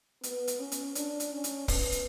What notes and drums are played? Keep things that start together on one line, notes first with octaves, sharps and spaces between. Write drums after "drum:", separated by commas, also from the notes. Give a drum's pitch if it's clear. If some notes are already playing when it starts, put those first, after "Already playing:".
B3, drum: hi-hat
drum: hi-hat
C#4
drum: hi-hat
D4, drum: hi-hat
drum: hi-hat
C#4
drum: hi-hat
B3, drum: kick, open hi-hat
drum: hi-hat